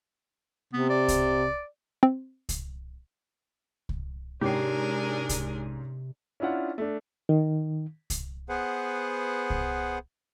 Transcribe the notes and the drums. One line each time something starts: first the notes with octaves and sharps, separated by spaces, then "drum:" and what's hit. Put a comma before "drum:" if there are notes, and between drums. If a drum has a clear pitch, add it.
C3 B3
D5
drum: kick C2, hi-hat
C4
drum: kick C2, hi-hat
drum: kick C2
G#2 C3 C#4 D4 G4 G#4 A#4 C7
drum: kick C2, hi-hat
C#4 D4 E4 F4 F#5
A3 D4
D#3
drum: kick C2, hi-hat
B3 G#4 B4 C5 F#5
drum: kick C2